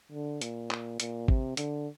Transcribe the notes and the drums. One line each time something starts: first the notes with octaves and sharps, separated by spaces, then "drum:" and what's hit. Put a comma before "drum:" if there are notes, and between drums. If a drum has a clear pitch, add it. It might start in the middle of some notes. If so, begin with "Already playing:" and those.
D3
A#2, drum: hi-hat
drum: clap
A#2, drum: hi-hat
C3, drum: kick G#1
D3, drum: hi-hat